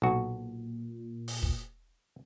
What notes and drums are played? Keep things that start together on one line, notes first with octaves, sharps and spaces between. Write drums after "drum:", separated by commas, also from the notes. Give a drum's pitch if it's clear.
B1 A#2 F#4
drum: open hi-hat
drum: kick